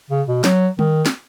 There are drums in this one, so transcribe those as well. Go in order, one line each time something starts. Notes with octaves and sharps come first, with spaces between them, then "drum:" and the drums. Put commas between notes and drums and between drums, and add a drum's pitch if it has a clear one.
C#3
B2
F#3, drum: snare
D#3, drum: tom G3
drum: snare